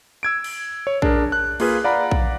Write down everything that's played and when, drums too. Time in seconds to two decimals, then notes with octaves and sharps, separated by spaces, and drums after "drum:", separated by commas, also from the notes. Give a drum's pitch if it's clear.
0.23 E6 G#6 D7
0.44 drum: cymbal
0.87 C#5
1.02 D4 G#4 A#4, drum: kick A#1
1.32 F#6
1.60 A#3 F4 G#4 B4, drum: cymbal
1.84 D5 F5 F#5 A#5 B5
2.11 drum: kick A#1